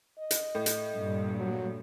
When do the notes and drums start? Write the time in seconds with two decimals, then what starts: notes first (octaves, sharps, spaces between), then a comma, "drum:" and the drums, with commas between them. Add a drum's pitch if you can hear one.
0.19 D#5
0.31 drum: hi-hat
0.55 A2
0.66 drum: hi-hat
0.96 G2 A#2
1.37 F#3